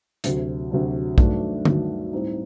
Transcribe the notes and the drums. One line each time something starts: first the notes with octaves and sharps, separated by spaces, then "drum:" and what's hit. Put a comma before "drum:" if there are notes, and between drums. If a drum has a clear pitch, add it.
D2 C3 F#3, drum: hi-hat
D2 C3 F#3
G2 D#3 F#3 A3 D4, drum: kick A#1
G2 D#3 F#3 A3 D4, drum: tom D3
A2 G3 C4 D#4